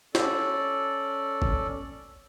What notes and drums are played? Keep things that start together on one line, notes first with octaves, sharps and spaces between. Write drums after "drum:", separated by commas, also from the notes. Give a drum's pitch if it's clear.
C#4 A4 D5, drum: snare
drum: kick